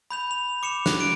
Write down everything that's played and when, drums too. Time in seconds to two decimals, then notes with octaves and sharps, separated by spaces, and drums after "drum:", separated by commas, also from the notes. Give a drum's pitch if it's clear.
0.11 B5 G6 F7
0.31 F7
0.63 D6 C#7 E7 F7
0.86 F#6, drum: snare
1.00 D7